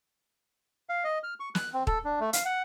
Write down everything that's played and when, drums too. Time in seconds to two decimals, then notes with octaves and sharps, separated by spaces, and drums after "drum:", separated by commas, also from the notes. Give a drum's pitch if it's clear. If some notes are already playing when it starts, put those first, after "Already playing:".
0.89 F5
1.04 D#5
1.23 F6
1.40 C#6
1.55 F#6, drum: snare
1.74 C4
1.87 A4, drum: kick
2.05 D4
2.20 A3
2.33 F5, drum: hi-hat
2.45 F#5